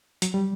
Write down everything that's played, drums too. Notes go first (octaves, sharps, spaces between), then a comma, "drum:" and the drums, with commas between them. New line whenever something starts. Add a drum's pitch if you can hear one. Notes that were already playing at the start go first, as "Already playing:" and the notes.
F#3, drum: hi-hat
G3